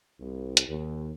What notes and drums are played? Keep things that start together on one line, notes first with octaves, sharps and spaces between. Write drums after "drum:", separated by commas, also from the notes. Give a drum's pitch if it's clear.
C2
drum: hi-hat
D#2